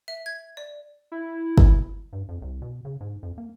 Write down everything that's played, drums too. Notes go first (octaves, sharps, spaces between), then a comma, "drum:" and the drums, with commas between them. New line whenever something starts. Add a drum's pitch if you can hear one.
E5
G#6
D5
E4
drum: kick
G2
F2
C2
B2
C#3
G#2
F2
A#3